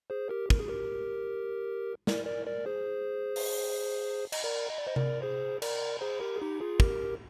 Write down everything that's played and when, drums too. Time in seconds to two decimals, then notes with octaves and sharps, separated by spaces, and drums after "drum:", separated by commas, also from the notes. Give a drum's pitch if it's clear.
0.10 G#4 C5
0.29 G4 A#4
0.50 A#4, drum: kick
0.59 G#4
0.68 G4 A#4
2.07 A#4 D5, drum: snare
2.26 A#4 D5
2.47 A#4 D5
2.66 G#4 C5
3.36 drum: open hi-hat
4.32 D#5, drum: cymbal
4.44 A#4 D5
4.70 D#5
4.78 D5
4.87 C5 D#5
4.96 A#4 D5, drum: tom C3
5.22 G#4 C5
5.62 A#4 D5, drum: cymbal
6.01 G#4 C5
6.21 G4 A#4
6.36 G#4
6.41 D#4 G4
6.61 F4 G#4
6.80 G4 A#4, drum: kick